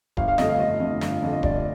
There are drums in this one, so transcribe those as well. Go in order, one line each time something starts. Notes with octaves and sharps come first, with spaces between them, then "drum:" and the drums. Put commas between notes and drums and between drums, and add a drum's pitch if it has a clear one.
G1 F5, drum: kick D1
F5
F2 D3 A3 D#5, drum: snare
F5
G1 D#5
F2 D3 A3
G1, drum: snare
F2 D3 A3
D#5
G1 D5, drum: kick D1